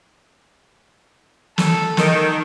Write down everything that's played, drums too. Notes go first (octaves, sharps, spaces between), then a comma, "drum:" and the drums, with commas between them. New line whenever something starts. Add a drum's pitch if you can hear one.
A4, drum: snare
D#3, drum: snare